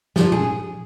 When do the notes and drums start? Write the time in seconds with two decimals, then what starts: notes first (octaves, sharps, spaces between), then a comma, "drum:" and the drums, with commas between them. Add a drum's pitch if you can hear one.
0.16 F3, drum: snare G4
0.32 G#4, drum: tom A#2